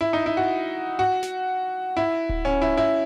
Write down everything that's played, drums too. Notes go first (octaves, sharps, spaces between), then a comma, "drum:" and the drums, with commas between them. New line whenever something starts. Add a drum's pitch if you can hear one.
E4
D#4
E4
F#4
F#4
drum: snare
E4
drum: kick D1
C#4
E4
E4